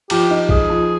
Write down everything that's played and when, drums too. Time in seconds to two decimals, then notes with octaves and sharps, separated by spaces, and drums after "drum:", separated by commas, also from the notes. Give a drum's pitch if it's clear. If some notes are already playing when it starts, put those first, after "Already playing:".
0.10 F3 G4, drum: cymbal
0.31 D#4
0.49 D#4 G#4, drum: kick B1
0.70 F3